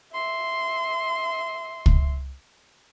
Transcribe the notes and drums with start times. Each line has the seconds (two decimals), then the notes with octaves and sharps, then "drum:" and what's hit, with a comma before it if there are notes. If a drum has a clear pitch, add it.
0.14 E5 C6
1.86 drum: kick